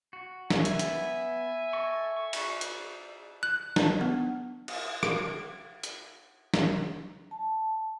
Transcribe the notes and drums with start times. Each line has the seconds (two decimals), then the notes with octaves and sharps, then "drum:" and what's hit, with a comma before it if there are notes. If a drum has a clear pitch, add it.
0.13 F#4
0.50 E5 G#5, drum: snare
0.65 drum: hi-hat
0.79 B3, drum: hi-hat
1.73 A4 D#5 C#6
2.16 C#6
2.33 drum: cymbal
2.61 drum: hi-hat
3.43 F#6
3.76 D4, drum: snare
4.01 B3
4.68 drum: cymbal
5.03 D7, drum: rim click
5.83 drum: hi-hat
6.54 drum: snare
7.31 A5